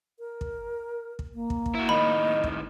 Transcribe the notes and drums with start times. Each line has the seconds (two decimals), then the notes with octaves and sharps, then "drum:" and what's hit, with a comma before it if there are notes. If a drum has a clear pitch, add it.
0.19 A#4
0.41 drum: kick
1.19 drum: kick
1.34 A#3
1.50 drum: kick
1.66 drum: kick
1.75 E4 F#4
1.89 A2 D#3 D#5 B5
2.44 drum: kick